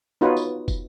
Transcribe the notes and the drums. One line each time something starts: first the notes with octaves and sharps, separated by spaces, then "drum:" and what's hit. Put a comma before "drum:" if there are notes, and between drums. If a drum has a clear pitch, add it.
B3 D#4 F4 F#4 B4 C#5
drum: tambourine
drum: kick, tambourine